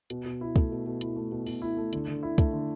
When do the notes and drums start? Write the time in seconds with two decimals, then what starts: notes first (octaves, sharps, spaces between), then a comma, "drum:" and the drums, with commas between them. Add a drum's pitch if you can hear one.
0.10 B2, drum: hi-hat
0.25 B2
0.41 E4
0.56 A3, drum: kick
0.72 B2
0.86 B2
1.01 E4, drum: hi-hat
1.17 A3
1.32 B2
1.47 B2, drum: open hi-hat
1.62 E4
1.77 A3
1.93 D3, drum: hi-hat
2.08 D3
2.23 E4
2.38 A3, drum: kick, hi-hat
2.53 D3